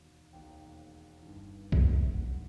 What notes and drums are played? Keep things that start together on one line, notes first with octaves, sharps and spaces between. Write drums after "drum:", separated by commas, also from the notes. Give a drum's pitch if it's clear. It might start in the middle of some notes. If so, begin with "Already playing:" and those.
Already playing: E1 D#2 D#3
E1 D#2 D#3 G5
G1 G2 D#3
drum: kick B1
G1 G2 D#3 F#5